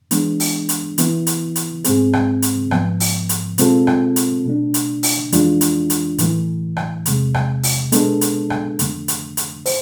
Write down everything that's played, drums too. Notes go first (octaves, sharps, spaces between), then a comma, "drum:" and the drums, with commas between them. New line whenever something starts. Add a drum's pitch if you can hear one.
E3 G#3 B3 D4, drum: hi-hat
drum: open hi-hat
drum: hi-hat
E3 B3 E4, drum: hi-hat
drum: hi-hat
drum: hi-hat
G#2 G#3 C4 G#4, drum: hi-hat
drum: rim click
drum: hi-hat
G#2 F3 B3, drum: rim click
drum: open hi-hat
drum: hi-hat
B2 G#3 C4 F4 A4, drum: hi-hat
drum: rim click
drum: hi-hat
B2 A3 D4
drum: hi-hat
drum: open hi-hat
F2 E3 G#3 D4 F4, drum: hi-hat
drum: hi-hat
drum: hi-hat
A2 E3 A3, drum: hi-hat
drum: rim click
E2 C3 G#3, drum: hi-hat
drum: rim click
drum: open hi-hat
B2 G#3 B3 D4 A4, drum: hi-hat
drum: hi-hat
drum: rim click
F2 D3 A3, drum: hi-hat
drum: hi-hat
drum: hi-hat
C5, drum: open hi-hat